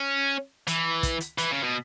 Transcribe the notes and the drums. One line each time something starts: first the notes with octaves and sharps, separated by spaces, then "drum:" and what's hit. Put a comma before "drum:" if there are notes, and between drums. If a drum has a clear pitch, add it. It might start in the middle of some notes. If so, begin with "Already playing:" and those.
Already playing: C#4
E3, drum: hi-hat
drum: kick, hi-hat
drum: hi-hat
E3, drum: hi-hat
C#3
B2